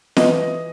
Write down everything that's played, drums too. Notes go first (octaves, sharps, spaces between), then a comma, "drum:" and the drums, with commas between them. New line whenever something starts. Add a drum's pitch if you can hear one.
E3 D#5, drum: snare